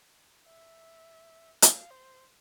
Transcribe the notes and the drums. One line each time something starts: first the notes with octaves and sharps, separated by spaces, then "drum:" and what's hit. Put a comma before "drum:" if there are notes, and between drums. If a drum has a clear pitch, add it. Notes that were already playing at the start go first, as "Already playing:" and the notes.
E5
F5, drum: hi-hat
C5